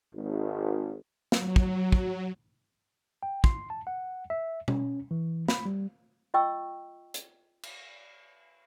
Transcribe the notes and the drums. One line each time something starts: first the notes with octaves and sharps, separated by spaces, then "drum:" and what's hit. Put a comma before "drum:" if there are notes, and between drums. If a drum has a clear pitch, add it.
G#1
F#3, drum: snare
drum: kick
drum: kick
G5
C6, drum: kick
A5
F#5
E5
C#4, drum: tom B2
E3
B5, drum: snare
G3
F4 D#5 G5 C#6 E6
drum: hi-hat
drum: cymbal